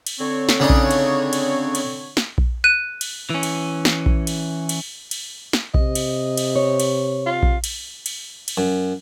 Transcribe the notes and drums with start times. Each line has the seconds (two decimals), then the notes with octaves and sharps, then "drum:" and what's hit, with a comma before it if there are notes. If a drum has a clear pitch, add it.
0.07 drum: cymbal
0.20 D3 C4 C#5
0.49 drum: snare
0.60 C#3 D4 D#4
0.70 drum: kick A#1
0.91 drum: cymbal
1.33 drum: cymbal
1.75 drum: cymbal
2.17 drum: snare
2.38 drum: kick A#1
2.64 F#6 D#7
3.01 drum: cymbal
3.30 E3 C#4
3.43 drum: cymbal
3.85 drum: snare
4.06 drum: kick A#1
4.27 drum: cymbal
4.69 drum: cymbal
5.11 drum: cymbal
5.53 drum: snare
5.74 C3 D#5, drum: kick A#1
5.95 drum: cymbal
6.38 drum: cymbal
6.56 C#5
6.80 drum: cymbal
7.27 F4
7.43 drum: kick A#1
7.64 drum: cymbal
8.06 drum: cymbal
8.48 drum: cymbal
8.57 F#2